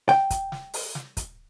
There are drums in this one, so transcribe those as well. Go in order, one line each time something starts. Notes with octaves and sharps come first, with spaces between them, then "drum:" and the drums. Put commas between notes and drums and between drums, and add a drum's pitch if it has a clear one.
G5, drum: snare
drum: kick, hi-hat
drum: snare
drum: open hi-hat
drum: snare
drum: kick, hi-hat